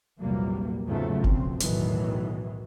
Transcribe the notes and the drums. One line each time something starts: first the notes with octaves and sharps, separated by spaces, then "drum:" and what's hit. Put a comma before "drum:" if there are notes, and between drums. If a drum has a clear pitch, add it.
A#1 E2 C3 F#3 G3 A#3
E2 G#2 C#3 F3 F#3 A3
B1 F2 C4, drum: kick F1
B1 E2 A2 D#3 E3 F#3, drum: hi-hat